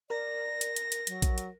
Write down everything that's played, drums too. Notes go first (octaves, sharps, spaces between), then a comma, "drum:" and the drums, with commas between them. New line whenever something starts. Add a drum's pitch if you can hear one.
A#4 D5 A#6
drum: hi-hat
drum: hi-hat
drum: hi-hat
F#3, drum: hi-hat
drum: kick A#1, hi-hat
drum: hi-hat